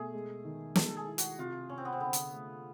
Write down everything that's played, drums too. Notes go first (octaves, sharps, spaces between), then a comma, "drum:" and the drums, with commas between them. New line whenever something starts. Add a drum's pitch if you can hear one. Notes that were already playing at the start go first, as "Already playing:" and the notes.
Already playing: B2 A3 G#4
G#3
D#3
G#3 A4, drum: snare
G#4
E4
F#4, drum: hi-hat
C3 F4
C3 C#4
C4
B3
C4
D3 B3
drum: hi-hat
A3